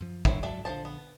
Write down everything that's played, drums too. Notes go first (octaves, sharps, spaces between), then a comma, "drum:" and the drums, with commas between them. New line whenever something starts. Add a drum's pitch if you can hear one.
F#2 F3
D#3 F#3 G3 C4 D4 E4, drum: kick
G#2 F#3 D4 A4 E5
A#1 D3 F3 C5 A5
B3